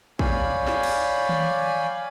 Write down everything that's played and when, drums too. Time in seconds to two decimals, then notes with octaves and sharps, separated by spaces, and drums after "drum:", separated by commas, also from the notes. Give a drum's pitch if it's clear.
0.19 C#5 D5 F5 G5 G#5 B5, drum: kick
0.67 drum: snare
0.83 drum: cymbal
1.29 drum: tom D#3